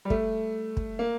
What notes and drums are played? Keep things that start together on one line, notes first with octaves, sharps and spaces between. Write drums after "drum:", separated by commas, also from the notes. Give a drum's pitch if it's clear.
G3
A3, drum: kick
drum: kick
A#3